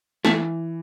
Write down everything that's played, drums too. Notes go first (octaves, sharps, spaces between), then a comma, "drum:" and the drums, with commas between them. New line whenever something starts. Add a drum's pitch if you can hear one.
E3 A3, drum: snare